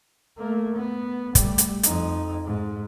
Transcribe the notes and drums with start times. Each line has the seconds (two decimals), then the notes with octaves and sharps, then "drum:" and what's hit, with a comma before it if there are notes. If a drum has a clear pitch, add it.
0.37 A3 A#3
0.75 B3
1.35 G3 A3, drum: kick, hi-hat
1.58 drum: hi-hat
1.83 F2 D#4, drum: hi-hat
2.45 G#2